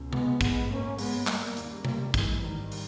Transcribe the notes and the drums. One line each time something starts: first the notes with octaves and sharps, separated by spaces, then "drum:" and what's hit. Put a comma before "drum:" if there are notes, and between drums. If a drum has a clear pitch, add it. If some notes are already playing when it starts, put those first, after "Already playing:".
Already playing: C#2 B2
G#3 B3, drum: tom C3
A#1 G#2 G#3 B3, drum: kick, hi-hat
A#3 C#4
G1 G2 G#3 B3, drum: open hi-hat
G3 A#3, drum: clap
D#2 C#3, drum: hi-hat
G3 A#3, drum: tom C3
G#1 G#2 E3 G#3, drum: kick, hi-hat
D#3 G3
drum: open hi-hat